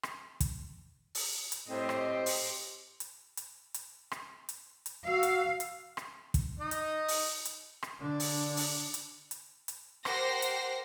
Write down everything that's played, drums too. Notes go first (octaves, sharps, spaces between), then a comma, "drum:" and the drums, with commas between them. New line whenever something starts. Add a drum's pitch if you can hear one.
drum: rim click
drum: kick, hi-hat
drum: open hi-hat
drum: hi-hat
A2 C4 G4 C5 D#5
drum: rim click
drum: open hi-hat
drum: hi-hat
drum: hi-hat
drum: hi-hat
drum: rim click
drum: hi-hat
drum: hi-hat
F#4 F5 E6
drum: hi-hat
drum: hi-hat
drum: rim click
drum: kick, hi-hat
D#4 D#5
drum: hi-hat
drum: open hi-hat
drum: hi-hat
drum: rim click
D3 D4
drum: open hi-hat
drum: open hi-hat
drum: hi-hat
drum: hi-hat
drum: hi-hat
G4 A#4 C5 F#5 A#6 C7, drum: rim click
drum: hi-hat